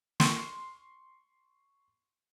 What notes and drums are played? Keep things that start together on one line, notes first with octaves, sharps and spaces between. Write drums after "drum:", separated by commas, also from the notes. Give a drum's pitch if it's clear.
C6 C#6, drum: snare